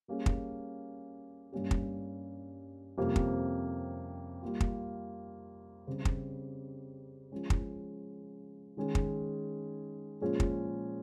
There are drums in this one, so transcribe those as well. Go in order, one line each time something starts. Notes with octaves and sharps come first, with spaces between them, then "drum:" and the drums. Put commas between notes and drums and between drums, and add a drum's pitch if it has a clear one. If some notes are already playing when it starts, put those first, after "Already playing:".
G3 A#3 C#4 G#4
drum: kick
G2 G3 A#3 C#4 G4
drum: kick
F2 C3 G3 A#3 C#4
drum: kick
G3 A#3 F4
drum: kick
C#3 G3 C4 G4
drum: kick
F3 G#3 C#4
drum: kick
D#3 G#3 C#4 G#4
drum: kick
A#2 F3 G#3 C#4 G#4
drum: kick